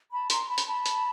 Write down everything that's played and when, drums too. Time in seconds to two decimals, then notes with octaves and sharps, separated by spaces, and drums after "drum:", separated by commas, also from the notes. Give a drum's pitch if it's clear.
0.11 A5 B5
0.30 A#5 C6, drum: hi-hat
0.49 A5 B5
0.58 drum: hi-hat
0.67 A5 B5
0.86 drum: hi-hat